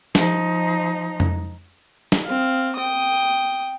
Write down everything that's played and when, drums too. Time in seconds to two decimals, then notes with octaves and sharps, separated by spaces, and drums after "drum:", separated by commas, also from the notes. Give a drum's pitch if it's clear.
0.15 F3 D#4, drum: snare
1.20 drum: tom F2
2.12 drum: snare
2.26 C4 F5
2.76 G5 D#6